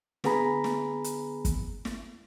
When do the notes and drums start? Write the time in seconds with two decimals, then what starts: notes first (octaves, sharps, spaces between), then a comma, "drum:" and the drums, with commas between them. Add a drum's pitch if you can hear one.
0.24 D3 B3 G#4 A#5 B5, drum: snare
0.64 drum: snare
1.04 drum: hi-hat
1.45 drum: kick, hi-hat
1.85 drum: snare